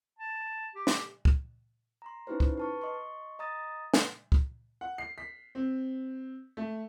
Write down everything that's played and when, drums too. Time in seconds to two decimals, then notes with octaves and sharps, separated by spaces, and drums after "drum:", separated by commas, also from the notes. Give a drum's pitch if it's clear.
0.19 A5
0.75 G4
0.87 drum: snare
1.25 drum: kick
2.02 A#5 C6
2.27 C#4 D#4 E4 G4 B4 C5
2.40 drum: kick
2.57 B4 A5 C#6
2.81 D#5 C6 C#6
3.39 D#5 A#5 D#6 A6
3.94 drum: snare
4.32 drum: kick
4.81 F#5
4.98 C7
5.18 B6
5.55 C4
6.57 A3